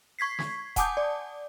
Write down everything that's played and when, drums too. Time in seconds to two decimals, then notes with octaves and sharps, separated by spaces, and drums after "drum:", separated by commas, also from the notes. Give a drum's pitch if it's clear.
0.19 C#6 G#6 B6 C7
0.39 drum: snare
0.76 F#5 G#5 A5 D6 D#6 G6, drum: kick D#1, hi-hat
0.97 D5